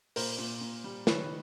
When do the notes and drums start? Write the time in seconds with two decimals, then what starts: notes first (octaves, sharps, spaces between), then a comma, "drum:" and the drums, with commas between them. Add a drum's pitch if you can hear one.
0.16 A#2 A#4 C5, drum: open hi-hat
0.38 A#2
0.61 A#2
0.84 G3
1.07 D#3 B4 C#5, drum: snare